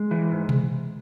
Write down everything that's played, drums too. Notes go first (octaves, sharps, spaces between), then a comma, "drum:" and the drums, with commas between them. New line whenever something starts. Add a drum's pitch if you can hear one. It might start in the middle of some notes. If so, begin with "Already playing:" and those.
Already playing: G#3
E3
G#2
drum: tom B2